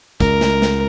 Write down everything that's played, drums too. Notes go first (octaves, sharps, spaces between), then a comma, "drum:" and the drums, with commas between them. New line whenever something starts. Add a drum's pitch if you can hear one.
C#2 A#4, drum: kick, tambourine
drum: snare
drum: snare